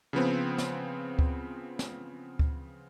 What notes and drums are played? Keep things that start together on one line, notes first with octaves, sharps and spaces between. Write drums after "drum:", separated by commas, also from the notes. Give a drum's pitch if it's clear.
C#3 F3 B3 C4
drum: snare
drum: kick D2
drum: snare
drum: kick D2